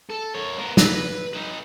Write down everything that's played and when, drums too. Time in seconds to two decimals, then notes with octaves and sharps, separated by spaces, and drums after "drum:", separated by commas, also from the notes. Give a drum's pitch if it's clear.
0.10 A4
0.34 A#4 C#5
0.59 B3 A#4
0.77 B4, drum: snare
1.33 D#4 B4